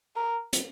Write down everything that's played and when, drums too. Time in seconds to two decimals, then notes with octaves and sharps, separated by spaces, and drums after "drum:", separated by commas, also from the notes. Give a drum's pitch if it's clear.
0.16 A#4
0.53 drum: hi-hat